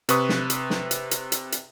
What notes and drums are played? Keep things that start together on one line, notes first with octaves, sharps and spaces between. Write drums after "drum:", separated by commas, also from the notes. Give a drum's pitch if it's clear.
C3 B4 C#6 D#6, drum: hi-hat
drum: snare
drum: hi-hat
drum: snare
drum: hi-hat
drum: hi-hat
drum: hi-hat
drum: hi-hat